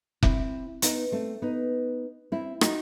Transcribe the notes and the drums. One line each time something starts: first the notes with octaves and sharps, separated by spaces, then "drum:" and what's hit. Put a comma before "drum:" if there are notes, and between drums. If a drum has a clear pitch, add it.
C4 E4, drum: kick F1
B3 D#4, drum: hi-hat
A3 C4
B3 D#4
C4 E4
D#4 F#4, drum: rim click